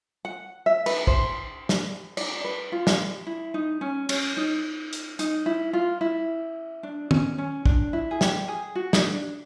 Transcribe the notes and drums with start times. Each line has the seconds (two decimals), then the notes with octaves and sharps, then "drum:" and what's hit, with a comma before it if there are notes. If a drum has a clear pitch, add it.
0.25 F#5
0.66 E5
0.86 B4, drum: cymbal
1.07 C5, drum: kick
1.69 drum: snare
2.17 D5, drum: cymbal
2.44 B4
2.72 F4
2.87 drum: snare
3.27 E4
3.54 D#4
3.81 C#4
4.09 C#4, drum: cymbal
4.37 D#4
4.93 drum: hi-hat
5.19 D#4, drum: hi-hat
5.46 E4
5.73 F4
6.01 E4
6.83 D4
7.11 C#4, drum: tom
7.38 C#4
7.66 D4, drum: kick
7.93 E4
8.11 G#4
8.21 G4, drum: snare
8.48 G#4
8.75 F#4
8.93 D#4, drum: snare
9.03 D4